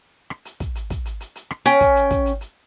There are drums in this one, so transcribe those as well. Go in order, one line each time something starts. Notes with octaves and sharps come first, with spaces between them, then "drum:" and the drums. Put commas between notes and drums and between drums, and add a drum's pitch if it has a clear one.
drum: rim click
drum: hi-hat
drum: kick, hi-hat
drum: hi-hat
drum: kick, hi-hat
drum: hi-hat
drum: hi-hat
drum: hi-hat
drum: rim click
C#4 G5, drum: hi-hat
drum: kick, hi-hat
drum: hi-hat
drum: kick, hi-hat
drum: hi-hat
drum: hi-hat